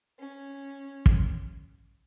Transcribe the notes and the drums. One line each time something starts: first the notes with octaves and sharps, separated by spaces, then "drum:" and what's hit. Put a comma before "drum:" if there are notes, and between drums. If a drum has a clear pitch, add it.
C#4
drum: kick